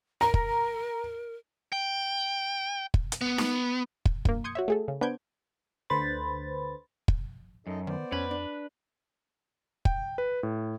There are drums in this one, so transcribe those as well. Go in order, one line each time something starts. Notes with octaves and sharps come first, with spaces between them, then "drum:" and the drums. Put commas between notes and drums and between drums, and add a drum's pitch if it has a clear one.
A#4 A#5
drum: kick
G5
drum: kick
drum: hi-hat
B3
drum: snare D#4
drum: kick
G1 A#3, drum: kick
C6 D#6 G6 G#6 C#7
F#4 C#5 E5
A3 G#4 A4
C#3
B3 D4 C5 G6 G#6 D7
D2 D3 B4 C5 B5 A6
drum: kick
F#2 D#4 A4 D#5
D#3 B3 C5 D5
F2 C#4 B4
D4
G5, drum: kick
B4
A2